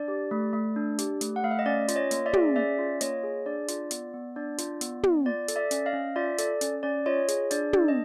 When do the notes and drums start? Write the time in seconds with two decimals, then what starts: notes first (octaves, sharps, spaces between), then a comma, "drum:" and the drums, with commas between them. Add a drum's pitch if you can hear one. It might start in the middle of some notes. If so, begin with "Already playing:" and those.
Already playing: D4 D5
0.08 G4
0.31 A3
0.53 A3
0.76 D4
0.99 G4, drum: hi-hat
1.21 A3, drum: hi-hat
1.36 F#5
1.44 A3 F5
1.51 E5
1.59 D#5
1.66 C#4 D5
1.88 F4, drum: hi-hat
1.95 C#5 D#5
2.11 A#3, drum: hi-hat
2.26 D5 E5
2.33 G#4, drum: tom
2.56 C#4 D5 E5
2.79 F4
3.01 A#3 C#5 D#5, drum: hi-hat
3.23 G#4
3.46 D4 D5
3.68 F4, drum: hi-hat
3.91 B3, drum: hi-hat
4.14 B3
4.36 D4 D5
4.58 F4, drum: hi-hat
4.81 B3, drum: hi-hat
5.03 B3, drum: tom
5.26 F4 D5
5.48 A4, drum: hi-hat
5.56 D5 E5
5.71 C#4, drum: hi-hat
5.86 D#5 F5
5.93 C#4
6.16 F4 D5 E5
6.38 A4 D5, drum: hi-hat
6.61 C#4, drum: hi-hat
6.83 C#4 D5
7.06 F4 C#5 D#5
7.28 G#4, drum: hi-hat
7.51 D4 D5, drum: hi-hat
7.73 D4, drum: tom
7.88 D#5